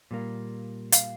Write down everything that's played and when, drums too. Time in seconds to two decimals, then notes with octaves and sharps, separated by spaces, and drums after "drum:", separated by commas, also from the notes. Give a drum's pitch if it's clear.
0.11 A#2 G3 A#3
0.92 F5, drum: hi-hat